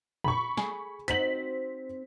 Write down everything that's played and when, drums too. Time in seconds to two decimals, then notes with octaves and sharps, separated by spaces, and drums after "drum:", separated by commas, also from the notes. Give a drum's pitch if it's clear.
0.24 B5 C#6, drum: tom A#2
0.57 G#4, drum: snare
1.08 C4 D#4 F#4 B6 F#7, drum: hi-hat